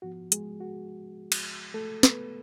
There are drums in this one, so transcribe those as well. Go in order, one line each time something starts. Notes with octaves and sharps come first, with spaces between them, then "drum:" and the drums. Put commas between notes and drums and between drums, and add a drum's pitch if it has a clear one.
G#2 F3 B3 F#4
G#3 G#4, drum: hi-hat
F#4
drum: cymbal
A3 A4
B3 B4, drum: snare